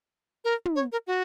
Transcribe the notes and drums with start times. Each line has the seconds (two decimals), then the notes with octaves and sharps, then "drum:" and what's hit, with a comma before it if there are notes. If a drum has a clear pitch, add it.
0.45 A#4
0.65 drum: tom
0.76 C#5
0.92 A#4
1.07 F#4